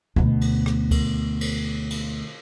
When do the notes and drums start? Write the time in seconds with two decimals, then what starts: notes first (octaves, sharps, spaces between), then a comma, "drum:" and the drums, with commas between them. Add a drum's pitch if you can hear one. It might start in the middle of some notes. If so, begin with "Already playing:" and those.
0.16 D2 B2, drum: kick C#2
0.41 drum: cymbal
0.66 drum: rim click
0.91 drum: kick C#2, cymbal
1.41 drum: cymbal
1.91 drum: cymbal